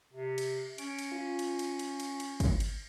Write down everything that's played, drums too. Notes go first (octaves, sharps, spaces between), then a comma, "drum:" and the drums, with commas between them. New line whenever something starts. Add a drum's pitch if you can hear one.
C3
drum: cymbal
C#4 D7, drum: cymbal
drum: cymbal
F4
drum: cymbal
drum: cymbal
drum: cymbal
drum: cymbal
drum: cymbal
drum: kick, cymbal
drum: cymbal